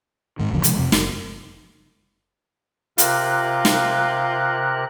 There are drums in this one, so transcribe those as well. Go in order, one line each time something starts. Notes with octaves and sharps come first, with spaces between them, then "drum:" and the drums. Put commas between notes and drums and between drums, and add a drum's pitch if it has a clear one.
G#2 D#3
F#1 D2 C#3 F3
C3 F3 G#3, drum: hi-hat
F2 C3
F#1, drum: snare
C3 F4 A#4 F#6, drum: hi-hat
drum: snare